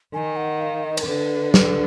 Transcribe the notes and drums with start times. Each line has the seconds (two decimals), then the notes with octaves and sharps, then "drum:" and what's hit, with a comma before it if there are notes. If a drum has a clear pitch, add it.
0.14 D#3 G#5
0.36 F#5
0.61 F5
0.84 D#5
0.97 A#4, drum: cymbal
1.06 D3 B4
1.54 B4, drum: snare